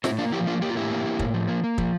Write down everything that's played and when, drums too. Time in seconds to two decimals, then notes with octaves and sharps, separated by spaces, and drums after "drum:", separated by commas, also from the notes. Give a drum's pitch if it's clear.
0.04 A2 C4 E4, drum: snare
0.18 A#3 D4 F4
0.33 F3 E4 G4
0.47 A#3 D4 F4
0.62 A#3 G4
0.70 F4
0.76 A2 E4 G4
0.91 A#3
1.05 A#3
1.19 A2, drum: kick
1.34 F3
1.48 A#3
1.64 A#3
1.78 F3, drum: kick